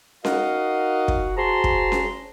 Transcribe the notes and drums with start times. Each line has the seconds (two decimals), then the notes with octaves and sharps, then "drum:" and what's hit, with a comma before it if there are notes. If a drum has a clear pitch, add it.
0.25 D#4 F#4 A#4 D#5 F5 F#5, drum: snare C#4
1.08 drum: kick
1.37 F#4 G#4 C5 A5 A#5 C6
1.64 drum: kick
1.92 drum: snare C#4